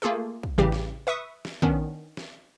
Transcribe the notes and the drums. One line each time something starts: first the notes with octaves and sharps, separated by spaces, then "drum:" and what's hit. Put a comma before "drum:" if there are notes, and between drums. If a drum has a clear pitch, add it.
A3 A#3 F4 G#4 A4
drum: kick
A1 C#3 E3 G3 G4
drum: snare
B4 E5 C#6 D#6
drum: snare
D#3 B3 C#4 D4, drum: kick
drum: snare